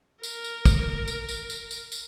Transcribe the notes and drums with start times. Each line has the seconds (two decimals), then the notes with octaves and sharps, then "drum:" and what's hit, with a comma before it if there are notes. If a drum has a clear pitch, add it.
0.23 A#4, drum: tambourine
0.44 drum: tambourine
0.65 drum: kick, tambourine
1.08 drum: tambourine
1.29 drum: tambourine
1.50 drum: tambourine
1.71 drum: tambourine
1.92 drum: tambourine